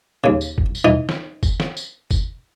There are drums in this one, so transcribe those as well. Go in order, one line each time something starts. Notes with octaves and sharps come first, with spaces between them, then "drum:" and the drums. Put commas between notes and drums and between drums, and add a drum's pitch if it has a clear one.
D#2 C#3
drum: tambourine
drum: kick
drum: tambourine
E3 D#4
drum: snare
drum: kick, tambourine
drum: snare
drum: tambourine
drum: kick, tambourine